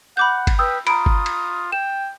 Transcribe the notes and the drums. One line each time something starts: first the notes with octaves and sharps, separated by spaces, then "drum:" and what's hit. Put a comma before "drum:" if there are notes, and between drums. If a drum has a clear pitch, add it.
F#5 B5 D6 G6
drum: kick G1, cymbal
B4 G5 D#6 E6
F4 A#5 B5 D#6 D7, drum: cymbal
drum: kick G1
drum: cymbal
G5 E7